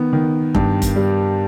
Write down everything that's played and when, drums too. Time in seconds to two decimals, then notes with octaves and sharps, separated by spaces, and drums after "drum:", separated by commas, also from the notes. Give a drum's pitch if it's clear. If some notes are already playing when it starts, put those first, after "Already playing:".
Already playing: D#3 B3
0.13 D#3
0.55 G2, drum: kick F1
0.82 drum: kick F1, hi-hat
0.96 G3